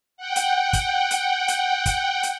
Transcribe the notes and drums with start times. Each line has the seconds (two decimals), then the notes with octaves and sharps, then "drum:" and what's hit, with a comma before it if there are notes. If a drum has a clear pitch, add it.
0.17 F#5 G5
0.36 drum: hi-hat
0.73 drum: kick, hi-hat
1.11 drum: hi-hat
1.48 drum: hi-hat
1.86 drum: kick, hi-hat
2.23 drum: hi-hat